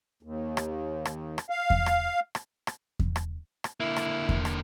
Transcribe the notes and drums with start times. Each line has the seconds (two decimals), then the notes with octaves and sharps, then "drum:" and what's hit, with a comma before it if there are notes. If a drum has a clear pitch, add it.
0.23 D#2
0.57 drum: rim click
1.05 drum: rim click
1.38 drum: rim click
1.50 F5
1.70 drum: kick E2
1.86 drum: rim click
2.35 drum: rim click
2.67 drum: rim click
2.99 drum: kick E2
3.16 drum: rim click
3.64 drum: rim click
3.80 D3 A#3 E4
3.96 drum: rim click
4.29 drum: kick E2
4.45 drum: rim click